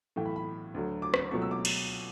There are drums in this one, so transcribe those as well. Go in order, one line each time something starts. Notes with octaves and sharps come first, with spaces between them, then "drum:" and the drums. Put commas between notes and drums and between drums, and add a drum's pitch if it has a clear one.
B1 A2 E3 A3 G5
B5
B5
D2 D3 F#3
D6
drum: rim click
C#2 B2 F#3 A3 C#6
E6
D6
drum: cymbal